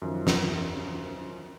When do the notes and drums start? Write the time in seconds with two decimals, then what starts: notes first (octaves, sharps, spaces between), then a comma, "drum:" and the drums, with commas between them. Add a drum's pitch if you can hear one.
0.02 F#2 D#3 F3
0.27 drum: snare